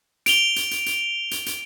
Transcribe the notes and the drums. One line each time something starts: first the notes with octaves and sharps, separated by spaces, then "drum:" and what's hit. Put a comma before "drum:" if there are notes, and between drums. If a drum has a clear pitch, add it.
D7 F7 G7, drum: hi-hat
drum: hi-hat
drum: hi-hat
drum: hi-hat
drum: hi-hat
drum: hi-hat